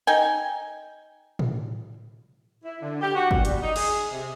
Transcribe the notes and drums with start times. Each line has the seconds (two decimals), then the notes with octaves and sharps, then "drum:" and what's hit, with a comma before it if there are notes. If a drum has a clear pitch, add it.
0.07 D#4 G5 G#5
1.39 drum: tom A2
2.63 E4
2.81 D3
3.01 G4
3.15 F#4
3.31 A#2, drum: kick
3.45 G3, drum: hi-hat
3.62 D#4
3.76 G#4, drum: cymbal
4.12 C3